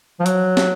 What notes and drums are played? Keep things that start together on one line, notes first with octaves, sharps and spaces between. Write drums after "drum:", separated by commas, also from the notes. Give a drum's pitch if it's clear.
F3
F#3, drum: hi-hat
drum: snare